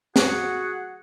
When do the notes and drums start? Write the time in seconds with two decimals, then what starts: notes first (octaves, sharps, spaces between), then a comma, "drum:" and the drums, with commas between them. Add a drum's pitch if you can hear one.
0.16 F#4 G#4 F#5, drum: snare